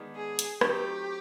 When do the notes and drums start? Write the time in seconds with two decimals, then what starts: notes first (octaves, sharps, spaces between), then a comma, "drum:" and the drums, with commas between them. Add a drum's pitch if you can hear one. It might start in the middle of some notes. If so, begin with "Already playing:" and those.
Already playing: D#3 G#3 B3 D4
0.16 G#4
0.39 drum: hi-hat
0.61 F#3 A3 C4 D#4 G4, drum: rim click